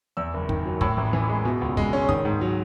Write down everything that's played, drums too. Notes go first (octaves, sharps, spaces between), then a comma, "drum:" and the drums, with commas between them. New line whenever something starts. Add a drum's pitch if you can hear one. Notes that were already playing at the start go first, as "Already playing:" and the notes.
E2 E6
F#1
D#3, drum: kick
F#3
A2 E6, drum: kick
A1
E3
G#3
B2
C#2
G#3, drum: kick
C#4
D#3 D#6, drum: kick
G#2
F#3